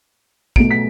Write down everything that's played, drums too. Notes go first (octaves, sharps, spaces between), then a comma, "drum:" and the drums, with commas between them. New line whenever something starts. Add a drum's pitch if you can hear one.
B2 A3 D7, drum: kick
B6